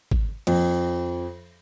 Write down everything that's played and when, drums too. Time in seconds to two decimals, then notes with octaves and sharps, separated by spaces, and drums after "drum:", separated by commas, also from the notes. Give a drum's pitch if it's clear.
0.11 drum: kick
0.47 F2, drum: cymbal